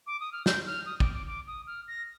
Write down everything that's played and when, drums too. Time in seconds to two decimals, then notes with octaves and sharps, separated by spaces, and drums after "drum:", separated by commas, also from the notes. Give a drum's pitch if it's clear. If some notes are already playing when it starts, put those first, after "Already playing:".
0.07 D6
0.20 D#6
0.33 F6
0.46 G6, drum: snare
0.67 F6
0.86 D#6
1.00 D6, drum: kick
1.13 D6
1.27 D6
1.47 D#6
1.67 F6
1.88 A#6